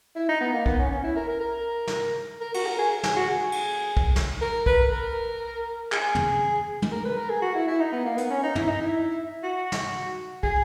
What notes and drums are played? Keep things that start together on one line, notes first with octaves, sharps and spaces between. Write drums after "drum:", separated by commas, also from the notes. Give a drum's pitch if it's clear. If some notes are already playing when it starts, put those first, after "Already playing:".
E4
D#4
B3
A#3
B3, drum: kick
C#4
C#4
E4
A#4
A#4
A#4
drum: snare
A#4
F#4, drum: cymbal
A#4
G#4
G#4, drum: snare
F#4
G#4
drum: cymbal
drum: kick
drum: snare
A#4
B4, drum: kick
A#4
G#4, drum: clap
drum: tom
drum: tom
A#4
B4
A#4
G#4
F#4
E4
E4
D#4
B3
A#3
B3, drum: hi-hat
C#4
D#4
E4, drum: tom
D#4
E4
F#4
drum: snare
G#4, drum: kick